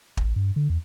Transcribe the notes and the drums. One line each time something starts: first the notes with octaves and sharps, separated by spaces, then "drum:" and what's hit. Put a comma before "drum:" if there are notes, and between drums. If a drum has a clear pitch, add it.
A1, drum: kick
G2
D3
E2